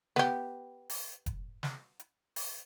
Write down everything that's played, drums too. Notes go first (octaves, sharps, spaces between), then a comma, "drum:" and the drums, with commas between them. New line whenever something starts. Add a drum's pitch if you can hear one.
B3 G4, drum: snare
drum: open hi-hat
drum: kick F1, hi-hat
drum: snare
drum: hi-hat
drum: open hi-hat